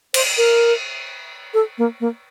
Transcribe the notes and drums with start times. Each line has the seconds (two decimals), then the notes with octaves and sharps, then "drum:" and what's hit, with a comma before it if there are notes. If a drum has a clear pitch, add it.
0.14 C5, drum: cymbal
0.38 A#4
1.54 A4
1.78 A#3
2.00 A#3